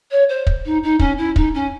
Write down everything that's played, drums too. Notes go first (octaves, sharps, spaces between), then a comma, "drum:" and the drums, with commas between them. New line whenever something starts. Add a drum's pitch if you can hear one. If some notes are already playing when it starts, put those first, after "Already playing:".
C#5
C5
drum: kick
D#4
D#4
C#4, drum: kick
E4
D#4, drum: kick
C#4